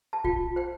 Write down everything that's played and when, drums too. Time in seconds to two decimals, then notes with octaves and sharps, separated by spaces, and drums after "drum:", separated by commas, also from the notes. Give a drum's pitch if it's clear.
0.13 A5
0.24 F4 G5, drum: kick A#1
0.56 C5 G5